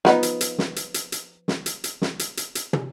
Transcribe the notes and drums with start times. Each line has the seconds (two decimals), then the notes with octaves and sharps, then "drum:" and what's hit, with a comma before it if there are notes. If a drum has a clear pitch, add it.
0.05 F3 B3 D#4, drum: snare
0.23 drum: hi-hat
0.41 drum: hi-hat
0.58 drum: snare
0.76 drum: hi-hat
0.94 drum: hi-hat
1.12 drum: hi-hat
1.48 drum: snare
1.66 drum: hi-hat
1.84 drum: hi-hat
2.02 drum: snare
2.19 drum: hi-hat
2.37 drum: hi-hat
2.55 drum: hi-hat
2.73 drum: tom